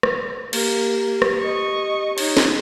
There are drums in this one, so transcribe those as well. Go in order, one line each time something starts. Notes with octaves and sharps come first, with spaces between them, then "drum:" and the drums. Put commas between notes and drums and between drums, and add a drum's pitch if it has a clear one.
drum: rim click
A#3 G4, drum: cymbal
drum: rim click
D#5 C#6
D#4 C#5, drum: cymbal
drum: snare